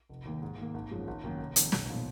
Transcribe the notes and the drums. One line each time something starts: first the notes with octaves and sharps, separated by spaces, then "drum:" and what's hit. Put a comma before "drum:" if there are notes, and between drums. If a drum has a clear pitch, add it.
F1
D#2 D#3 A#3
G#2
D#3 A#3
G#1
F#2 F3 G#3
G#1
F#2 D#3 A#3
F1
F2 D#3, drum: hi-hat
B1, drum: snare
A#2 F3 B3